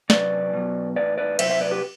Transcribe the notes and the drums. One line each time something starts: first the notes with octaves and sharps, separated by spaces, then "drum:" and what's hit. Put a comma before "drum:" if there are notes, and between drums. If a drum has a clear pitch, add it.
C3 F#3 B4 D5, drum: snare
B2 F#3
A2 E3 B4 D5
B4 D5
C3 F#3 C5 E5, drum: cymbal
C5 E5
B4 D5
G4 B4